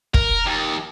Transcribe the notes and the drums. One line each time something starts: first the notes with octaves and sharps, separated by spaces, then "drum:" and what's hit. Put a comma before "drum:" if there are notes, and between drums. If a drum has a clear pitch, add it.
A#4, drum: kick
D#2